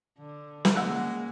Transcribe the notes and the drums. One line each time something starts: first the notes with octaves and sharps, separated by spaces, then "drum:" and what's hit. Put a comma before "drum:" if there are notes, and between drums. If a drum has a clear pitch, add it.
D3
drum: snare
C#3 G#3 A#3 F#5 E6 F#6